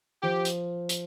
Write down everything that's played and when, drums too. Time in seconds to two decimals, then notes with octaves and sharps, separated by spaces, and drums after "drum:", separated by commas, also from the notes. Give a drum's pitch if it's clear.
0.23 F3 G4
0.45 drum: hi-hat
0.89 drum: hi-hat